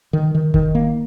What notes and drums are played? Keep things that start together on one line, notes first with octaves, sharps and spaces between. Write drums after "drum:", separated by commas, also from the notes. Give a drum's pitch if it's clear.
D#3
D#3
D#3, drum: kick F#1
A#3